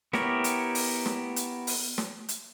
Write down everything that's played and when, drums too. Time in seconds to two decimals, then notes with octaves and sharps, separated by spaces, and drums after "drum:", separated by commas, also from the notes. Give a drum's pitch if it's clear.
0.13 B3 E4 G4 A#4 C#5, drum: snare
0.44 drum: hi-hat
0.75 drum: open hi-hat
1.06 drum: snare
1.36 drum: hi-hat
1.67 drum: open hi-hat
1.98 drum: snare
2.29 drum: hi-hat